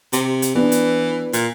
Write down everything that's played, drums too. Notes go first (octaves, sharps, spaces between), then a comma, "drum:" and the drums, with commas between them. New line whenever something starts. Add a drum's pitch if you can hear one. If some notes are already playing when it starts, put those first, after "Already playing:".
C3, drum: hi-hat
drum: hi-hat
E3 B3 D4
drum: hi-hat
A#2, drum: hi-hat